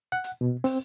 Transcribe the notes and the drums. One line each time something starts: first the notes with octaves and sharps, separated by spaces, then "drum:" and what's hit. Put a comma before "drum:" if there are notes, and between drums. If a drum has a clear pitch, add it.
F#5
drum: hi-hat
B2
C4, drum: open hi-hat